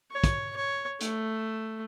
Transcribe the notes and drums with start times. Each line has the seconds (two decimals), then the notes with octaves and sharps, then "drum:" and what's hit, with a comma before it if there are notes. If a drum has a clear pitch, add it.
0.12 C#5
0.24 drum: kick, hi-hat
0.57 C#5
1.01 A3, drum: hi-hat